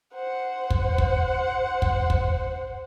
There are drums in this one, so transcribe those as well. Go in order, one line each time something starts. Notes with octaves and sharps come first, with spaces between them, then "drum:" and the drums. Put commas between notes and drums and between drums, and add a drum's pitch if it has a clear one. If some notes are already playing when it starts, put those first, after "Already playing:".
C5 F#5
drum: kick
drum: kick
drum: kick
drum: kick